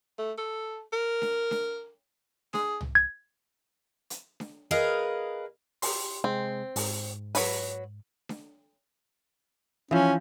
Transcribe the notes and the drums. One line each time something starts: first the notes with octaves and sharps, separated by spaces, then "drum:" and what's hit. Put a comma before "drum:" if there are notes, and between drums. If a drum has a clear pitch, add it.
A3
A4
A#4
drum: snare D4
drum: snare D4
G#4, drum: snare D4
drum: tom
G#6
drum: hi-hat
drum: snare D4
G#4 A#4 B4 D#5 F5
G4 C6, drum: open hi-hat
C3 G#3 C4
G#2, drum: open hi-hat
F#3 B4, drum: open hi-hat
drum: snare D4
E3 F3 C#4